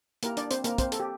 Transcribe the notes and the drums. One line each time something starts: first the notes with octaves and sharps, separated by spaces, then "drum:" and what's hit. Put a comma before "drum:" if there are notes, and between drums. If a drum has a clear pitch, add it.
A#3 E4 G4 A#4, drum: hi-hat
D4 D5, drum: hi-hat
C4 C5, drum: hi-hat
A#3 A#4, drum: hi-hat
C4 C5, drum: kick, hi-hat
A4, drum: hi-hat
G4